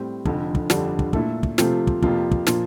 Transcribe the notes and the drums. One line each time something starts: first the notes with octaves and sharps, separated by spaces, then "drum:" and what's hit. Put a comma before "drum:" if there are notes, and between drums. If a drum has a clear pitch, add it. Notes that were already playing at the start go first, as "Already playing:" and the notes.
Already playing: A2 G3 C4
F1 F2 D3, drum: kick
drum: kick
G1 F2 D3 G3 D4, drum: snare
drum: kick
A#2 A3 E4 A4, drum: kick
drum: kick
C3 F3 A3 C4 F4, drum: snare
drum: kick
F2 C3 F3 A#3 F4, drum: kick
drum: kick
A#2 F3 A#3 F4, drum: snare